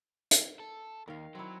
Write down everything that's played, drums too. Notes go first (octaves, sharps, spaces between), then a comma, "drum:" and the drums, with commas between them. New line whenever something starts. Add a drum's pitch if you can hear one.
drum: hi-hat
A4
D#2 D#3 F5
F#3 C4 E4